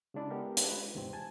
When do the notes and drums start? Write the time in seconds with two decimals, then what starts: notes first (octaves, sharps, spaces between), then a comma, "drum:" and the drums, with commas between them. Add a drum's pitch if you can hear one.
0.14 C#3 G#3 D4 E4
0.30 G#3 B3 G4 A4 A#4
0.57 drum: hi-hat
0.68 G#3 F4 B4
0.95 E2 G#2 C3 F3 C4
1.13 G#5 A5 G#6